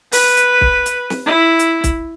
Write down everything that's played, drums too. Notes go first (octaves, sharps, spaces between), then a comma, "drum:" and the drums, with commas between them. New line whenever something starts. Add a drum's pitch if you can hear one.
B4, drum: open hi-hat
drum: hi-hat
drum: kick
drum: hi-hat
drum: snare
E4
drum: hi-hat
drum: kick, hi-hat